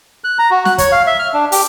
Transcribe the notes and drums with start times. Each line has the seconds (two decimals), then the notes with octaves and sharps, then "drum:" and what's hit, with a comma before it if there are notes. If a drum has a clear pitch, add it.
0.24 F#6
0.39 A#5
0.51 F#4
0.65 F#6, drum: snare
0.78 C#5, drum: kick, hi-hat
0.92 F5
1.07 E5
1.19 F6
1.34 D4
1.52 G4, drum: open hi-hat